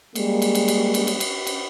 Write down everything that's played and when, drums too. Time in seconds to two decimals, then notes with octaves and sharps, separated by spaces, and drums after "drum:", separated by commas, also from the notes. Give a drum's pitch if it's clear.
0.15 G3 G#3 A#3, drum: cymbal
0.42 drum: cymbal
0.55 drum: cymbal
0.68 drum: cymbal
0.94 drum: cymbal
1.07 drum: cymbal
1.20 drum: cymbal
1.47 drum: cymbal